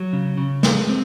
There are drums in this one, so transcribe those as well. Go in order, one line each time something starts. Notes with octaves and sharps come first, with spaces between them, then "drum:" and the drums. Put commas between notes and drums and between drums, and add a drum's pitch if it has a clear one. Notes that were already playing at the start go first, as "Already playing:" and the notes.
Already playing: F#3
C#3
C#3
G#3, drum: snare
C4